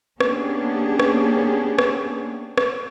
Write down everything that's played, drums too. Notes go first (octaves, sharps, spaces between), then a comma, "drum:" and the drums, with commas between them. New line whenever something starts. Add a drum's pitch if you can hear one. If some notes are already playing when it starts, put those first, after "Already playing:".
A#3 B3 C#4 D4 G4 G#4, drum: rim click
drum: rim click
drum: rim click
drum: rim click